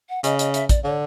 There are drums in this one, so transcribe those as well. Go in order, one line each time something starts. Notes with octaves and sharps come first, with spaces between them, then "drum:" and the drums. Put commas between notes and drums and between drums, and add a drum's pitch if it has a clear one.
F#5
C#3 D#5, drum: hi-hat
D#5, drum: hi-hat
E5, drum: hi-hat
D5, drum: kick A1, hi-hat
D3 C#5